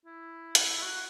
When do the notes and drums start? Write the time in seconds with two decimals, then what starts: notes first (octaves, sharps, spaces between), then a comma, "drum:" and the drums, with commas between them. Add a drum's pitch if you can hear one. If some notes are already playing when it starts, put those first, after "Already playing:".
0.06 E4
0.55 drum: hi-hat
0.78 E4
0.83 F#4